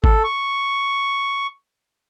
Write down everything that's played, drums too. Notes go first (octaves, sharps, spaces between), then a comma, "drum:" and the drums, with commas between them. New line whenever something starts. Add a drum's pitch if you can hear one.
A4, drum: kick G#1
C#6